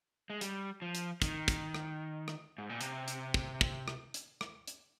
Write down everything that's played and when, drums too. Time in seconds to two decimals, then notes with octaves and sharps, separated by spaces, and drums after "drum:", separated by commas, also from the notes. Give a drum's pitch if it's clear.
0.30 G#3
0.41 G3, drum: hi-hat
0.82 F3
0.95 drum: hi-hat
1.22 D#3, drum: kick, hi-hat
1.48 drum: kick, hi-hat
1.75 drum: rim click
2.28 drum: rim click
2.58 G#2
2.70 A#2
2.81 C3, drum: hi-hat
3.08 drum: hi-hat
3.34 drum: kick
3.61 drum: kick
3.88 drum: rim click
4.14 drum: hi-hat
4.41 drum: rim click
4.68 drum: hi-hat